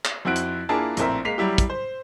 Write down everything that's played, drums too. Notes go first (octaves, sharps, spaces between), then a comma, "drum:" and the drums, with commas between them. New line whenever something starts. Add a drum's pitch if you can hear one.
drum: clap
F2 C4 E4 F#4 F#6 D7
drum: hi-hat
A#3 D4 E4 F4 G#4 A5
A#1 A2 C4 A#4 E5, drum: hi-hat
G#3 A#3 B6 C7 F7
F#3 G3 E4 G4
drum: kick, hi-hat
C5